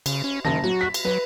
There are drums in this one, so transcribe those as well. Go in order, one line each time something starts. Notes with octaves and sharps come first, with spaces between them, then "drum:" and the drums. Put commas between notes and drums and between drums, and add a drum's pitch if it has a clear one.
C#3, drum: cymbal
C#4
F#1 D#3 A5 A#6
F#3 F#4
B6
drum: cymbal
F#3 B4